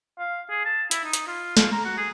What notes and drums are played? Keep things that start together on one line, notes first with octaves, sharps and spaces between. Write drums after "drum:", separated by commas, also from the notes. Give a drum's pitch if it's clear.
F5
G#4
A5
E4, drum: hi-hat
D#4
drum: hi-hat
F4
F4, drum: snare
A#5
F#4
G#4